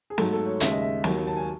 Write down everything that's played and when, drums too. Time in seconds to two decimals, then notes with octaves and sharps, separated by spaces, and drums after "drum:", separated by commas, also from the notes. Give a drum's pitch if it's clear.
0.10 G#4
0.18 G#2 F#3 A3 A4, drum: snare
0.33 A4
0.46 C#5
0.60 D#2 C#3 G#3 E5, drum: hi-hat
0.72 D#5
0.82 E5
1.04 D#2 D#3 F#3, drum: snare
1.27 A5
1.37 G#5